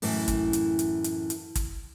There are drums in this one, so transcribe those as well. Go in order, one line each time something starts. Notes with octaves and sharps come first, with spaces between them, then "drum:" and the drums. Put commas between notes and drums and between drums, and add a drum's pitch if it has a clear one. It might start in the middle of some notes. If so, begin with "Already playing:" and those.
F#2 A2 E3, drum: open hi-hat
drum: kick G#1, hi-hat
drum: hi-hat
drum: hi-hat
drum: hi-hat
drum: hi-hat
drum: kick G#1, hi-hat